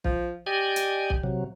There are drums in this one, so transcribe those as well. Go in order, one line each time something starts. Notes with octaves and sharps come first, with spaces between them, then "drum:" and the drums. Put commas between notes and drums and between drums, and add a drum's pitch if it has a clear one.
F3, drum: kick
G4 D5 D#5 G#5
drum: hi-hat
drum: kick
C3 F#3